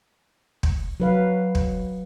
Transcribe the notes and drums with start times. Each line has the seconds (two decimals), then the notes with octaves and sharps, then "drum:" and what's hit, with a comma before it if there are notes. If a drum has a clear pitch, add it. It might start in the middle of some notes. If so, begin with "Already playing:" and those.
0.63 drum: kick
1.00 F#3 B4 F5
1.55 drum: kick